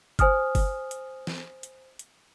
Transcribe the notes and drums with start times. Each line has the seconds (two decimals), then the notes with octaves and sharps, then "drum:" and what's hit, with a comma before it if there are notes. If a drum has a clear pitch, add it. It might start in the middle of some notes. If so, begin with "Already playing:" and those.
0.19 C5 G#5 D#6 F6, drum: kick F#1, hi-hat
0.55 drum: kick F#1, open hi-hat
0.91 drum: hi-hat
1.27 drum: snare
1.63 drum: hi-hat
1.99 drum: hi-hat